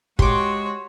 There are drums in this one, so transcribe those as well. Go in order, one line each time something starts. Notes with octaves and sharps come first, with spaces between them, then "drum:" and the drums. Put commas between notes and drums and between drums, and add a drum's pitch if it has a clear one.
G#3 F#4 G4 C#5 C6 D6, drum: kick